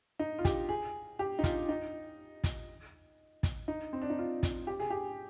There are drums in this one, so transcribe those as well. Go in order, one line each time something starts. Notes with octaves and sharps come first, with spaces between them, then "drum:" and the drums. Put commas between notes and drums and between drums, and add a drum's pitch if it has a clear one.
D#4
F4
G4, drum: kick, hi-hat
G#4
G4
D#4
F4, drum: kick, hi-hat
D#4
drum: kick, hi-hat
drum: kick, hi-hat
D#4
C4
D4
D#4
F4
drum: kick, hi-hat
G4
G#4
G4